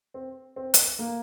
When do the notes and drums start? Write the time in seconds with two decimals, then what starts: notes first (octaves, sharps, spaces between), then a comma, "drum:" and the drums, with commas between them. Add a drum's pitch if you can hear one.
0.14 C4
0.56 C4
0.74 drum: hi-hat
0.99 A#3